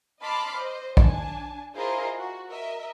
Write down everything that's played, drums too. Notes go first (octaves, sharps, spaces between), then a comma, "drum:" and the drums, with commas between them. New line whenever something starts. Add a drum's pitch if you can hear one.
D#5 A5 B5 C6 D6 F6
C5 D#5
D4 G#5 A5, drum: kick A#1
E4 F4 G#4 A#4 C5 D#5
F#4
A#4 D#5 E5